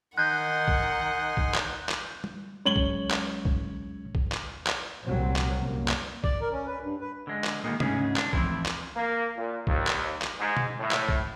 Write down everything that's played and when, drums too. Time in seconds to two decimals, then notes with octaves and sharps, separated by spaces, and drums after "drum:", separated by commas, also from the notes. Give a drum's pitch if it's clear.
0.18 D#3 D#4 F#5 G#5 C6 F#6 G6
0.68 drum: kick A#1
1.37 drum: kick A#1
1.54 drum: clap
1.89 drum: clap
2.24 drum: tom G3
2.66 F#3 G#3 C#4 C#5 F#7 G7
2.76 drum: kick A#1
3.11 drum: clap
3.45 drum: kick A#1
4.15 drum: kick A#1
4.32 drum: clap
4.67 drum: clap
5.05 F1 C2 A#2 F#3 C4
5.36 drum: clap
5.58 C2 F#2 A#3
5.88 drum: clap
6.24 D5, drum: kick A#1
6.41 A#4
6.52 C#4
6.67 B4
6.82 G2
7.01 B4
7.27 D3 G#3
7.44 drum: clap
7.64 A#2 D#3 G#3 A#3 B3
7.80 D2 G#2 C#3 G#3 C#4 G#4, drum: tom C3
8.16 D4, drum: clap
8.33 F2 A2 E3 C4 E4, drum: kick A#1
8.66 drum: clap
8.96 A#3
9.36 A#2
9.67 D#2, drum: kick A#1
9.87 drum: clap
10.22 drum: clap
10.39 G#2
10.57 drum: tom B2
10.79 A2
10.91 drum: clap
11.09 drum: kick A#1